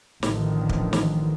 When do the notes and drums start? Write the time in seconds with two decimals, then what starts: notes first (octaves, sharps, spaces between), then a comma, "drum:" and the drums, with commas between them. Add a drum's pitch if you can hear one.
0.23 A1 D3 D#3 F3, drum: snare
0.69 drum: kick
0.93 drum: snare